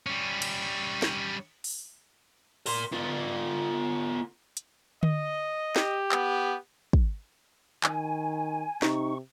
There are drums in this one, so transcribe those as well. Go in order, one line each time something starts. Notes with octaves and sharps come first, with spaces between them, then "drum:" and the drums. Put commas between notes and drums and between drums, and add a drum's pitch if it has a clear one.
G3 C#4
drum: cymbal
drum: snare
drum: open hi-hat
A#4 C6, drum: open hi-hat
B3 F4
drum: hi-hat
D#5, drum: tom D3
G4, drum: snare
B3, drum: clap
drum: kick
D#3 G#5, drum: clap
C3 D#4 C#6, drum: snare